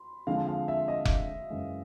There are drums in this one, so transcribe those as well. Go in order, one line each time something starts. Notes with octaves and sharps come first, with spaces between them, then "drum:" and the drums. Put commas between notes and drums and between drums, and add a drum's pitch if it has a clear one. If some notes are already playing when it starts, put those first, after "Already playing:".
Already playing: B5 C6
D3 F3 G#3 C4 F4 F5
F5
E5
D#5
drum: kick F1
F#2 C#3 E3 G#3